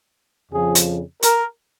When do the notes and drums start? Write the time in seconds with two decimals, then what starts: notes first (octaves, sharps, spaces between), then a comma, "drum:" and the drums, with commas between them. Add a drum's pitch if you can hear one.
0.51 F2 C#3 F3 G#4
0.75 drum: hi-hat
1.22 A#4, drum: hi-hat